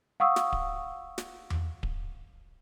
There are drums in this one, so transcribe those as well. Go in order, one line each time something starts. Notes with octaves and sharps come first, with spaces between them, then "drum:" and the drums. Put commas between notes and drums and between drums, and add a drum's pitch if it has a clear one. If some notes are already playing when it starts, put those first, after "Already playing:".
F5 F#5 C#6 D#6 E6
drum: snare
drum: kick D1
drum: snare
drum: tom E2
drum: kick D1